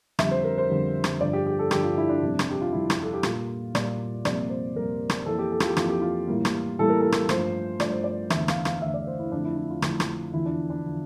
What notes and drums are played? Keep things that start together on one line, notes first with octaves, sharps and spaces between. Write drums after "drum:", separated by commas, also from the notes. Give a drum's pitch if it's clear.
F2 D3 G3 E5, drum: rim click
C5
A#4
C5
F2 D3 G3
drum: rim click
G2 D3 F3 D5
G4
G4
A4
G2 D3 F3 G4, drum: rim click
F4
E4
D4
F2 C3 G3
drum: rim click
G4
F4
F2 C3 G3 E4
drum: rim click
A4
G4
A#2 G3 A#3 F4, drum: rim click
A#2 G3 A#3 D5, drum: rim click
F2 C3 G3 A#3 D5, drum: rim click
C5
F2 C3 G3 A#3 A#4
drum: rim click
F2 E3 A#3 A4
G4
A4
F4, drum: rim click
G4
F2 E3 A#3 F4, drum: rim click
G4
F4
A2 E3 G3 A#3
drum: rim click
A2 E3 G3 A#3 A4
A#4
A4
drum: rim click
G2 F3 A3 C5, drum: rim click
G2 F3 A3 D5, drum: rim click
C5
D5
E2 D3 A3 E5, drum: rim click
F5, drum: rim click
F5, drum: rim click
E2 D3 A3 E5
D5
C5
E4
F2 D3 F3 A3 D4
E4
E4
F4
F2 D3 F3 A3 E4, drum: rim click
drum: rim click
E2 D3 F3 E4
D4
D4
D3 F3